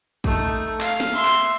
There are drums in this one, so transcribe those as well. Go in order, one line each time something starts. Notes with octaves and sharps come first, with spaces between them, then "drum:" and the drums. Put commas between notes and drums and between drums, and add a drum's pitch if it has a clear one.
A3 D#4, drum: kick
F5, drum: clap
drum: snare
E5 C6
drum: clap